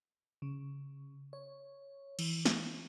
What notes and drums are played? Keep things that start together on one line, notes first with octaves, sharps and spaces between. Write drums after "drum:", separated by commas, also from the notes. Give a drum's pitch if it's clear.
C#3
C#5
E3, drum: cymbal
drum: snare